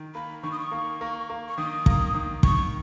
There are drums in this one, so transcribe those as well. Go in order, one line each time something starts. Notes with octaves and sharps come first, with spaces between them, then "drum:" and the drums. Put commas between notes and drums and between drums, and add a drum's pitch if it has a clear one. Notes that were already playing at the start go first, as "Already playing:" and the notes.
Already playing: D#3
A#3 B5
D#3 C#6
D#6
C#6
A#3
A#3
A#3
C#6
D#3 D#6
A#3, drum: kick
D#3
D#3 C#6, drum: kick